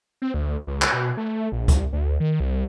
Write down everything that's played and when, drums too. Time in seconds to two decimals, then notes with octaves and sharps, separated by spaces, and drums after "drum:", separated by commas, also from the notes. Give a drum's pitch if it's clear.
0.22 C4
0.34 D2
0.67 C#2
0.82 drum: clap
0.93 B2
1.17 A3
1.52 A#1
1.68 C2, drum: kick D2, hi-hat
1.93 D2
2.20 D#3
2.40 C2